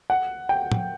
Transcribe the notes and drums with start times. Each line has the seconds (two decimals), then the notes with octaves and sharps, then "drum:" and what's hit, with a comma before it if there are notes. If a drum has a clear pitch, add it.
0.10 F#5
0.49 G5
0.72 drum: tom